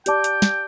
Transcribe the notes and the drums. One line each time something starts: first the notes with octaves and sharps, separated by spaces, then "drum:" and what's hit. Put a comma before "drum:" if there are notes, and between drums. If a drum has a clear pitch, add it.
G4 D5 G5 A5 D6, drum: hi-hat
drum: hi-hat
drum: snare